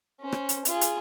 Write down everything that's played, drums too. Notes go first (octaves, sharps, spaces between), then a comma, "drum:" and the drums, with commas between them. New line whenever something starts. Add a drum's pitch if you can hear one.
C#4 C5
drum: rim click
drum: hi-hat
F4 G#4, drum: hi-hat
drum: hi-hat